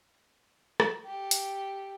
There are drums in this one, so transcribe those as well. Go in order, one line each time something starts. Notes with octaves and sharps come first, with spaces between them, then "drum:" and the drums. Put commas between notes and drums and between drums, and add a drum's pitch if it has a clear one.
drum: rim click
G4 A4
drum: hi-hat